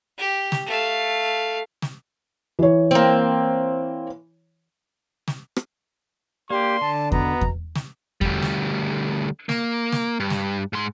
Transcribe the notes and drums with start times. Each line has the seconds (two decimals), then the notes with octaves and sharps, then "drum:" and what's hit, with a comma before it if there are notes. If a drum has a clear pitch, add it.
0.18 G4
0.52 drum: snare
0.67 A3 F5
1.82 drum: snare
2.59 E3 C#5
2.91 A#3 C4
5.28 drum: snare
5.56 drum: rim click
6.50 A#3 D4 G4 C6
6.81 D3 A5
7.12 B2 B3 A#5, drum: kick E2
7.41 drum: kick E2
7.75 drum: snare
8.21 D2 G3, drum: kick E2
8.42 drum: snare
9.49 A#3, drum: snare
9.92 drum: snare
10.20 G2
10.30 drum: snare
10.73 G#2 C6